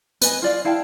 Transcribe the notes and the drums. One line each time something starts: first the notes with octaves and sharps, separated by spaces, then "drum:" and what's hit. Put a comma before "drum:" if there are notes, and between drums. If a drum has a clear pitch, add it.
B4 D#5 G#5, drum: hi-hat
F4 D5 F5
E4 F5 G5 A5